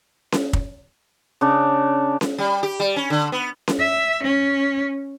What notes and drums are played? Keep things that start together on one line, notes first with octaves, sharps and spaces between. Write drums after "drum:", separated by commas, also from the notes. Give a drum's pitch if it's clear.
drum: snare C#4
drum: kick
C#3 D4
drum: snare C#4
G3
G4
G3
C#4
D3
B3
drum: snare C#4
E5
C#4